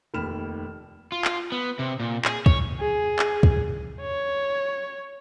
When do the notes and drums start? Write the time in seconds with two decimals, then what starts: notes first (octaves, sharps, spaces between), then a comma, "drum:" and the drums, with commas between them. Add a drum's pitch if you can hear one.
0.14 F1 D#2 B5 F6 E7
1.12 F4
1.25 drum: clap
1.52 B3
1.79 C3
2.00 A#2
2.25 G#4, drum: clap
2.46 C#5, drum: kick
2.81 G#4
3.19 drum: clap
3.43 drum: kick
4.01 C#5